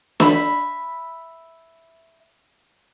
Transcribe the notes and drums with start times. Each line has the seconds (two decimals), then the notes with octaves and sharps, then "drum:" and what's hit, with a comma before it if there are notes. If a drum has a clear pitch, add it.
0.20 E5 B5, drum: snare